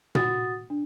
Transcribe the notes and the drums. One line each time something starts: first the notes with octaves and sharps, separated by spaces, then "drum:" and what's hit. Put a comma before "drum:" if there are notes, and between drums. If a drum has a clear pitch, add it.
F#4 F#5 D#6 A6, drum: tom A#2
D4